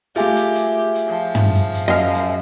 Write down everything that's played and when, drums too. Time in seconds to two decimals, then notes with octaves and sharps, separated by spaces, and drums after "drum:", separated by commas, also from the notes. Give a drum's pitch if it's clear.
0.16 A3 F4 G4 G#4 E5 G#5, drum: hi-hat
0.36 drum: hi-hat
0.56 drum: hi-hat
0.95 drum: hi-hat
1.08 F3
1.35 drum: tom
1.55 drum: hi-hat
1.74 drum: hi-hat
1.88 F#2 D#5 F5
2.14 drum: hi-hat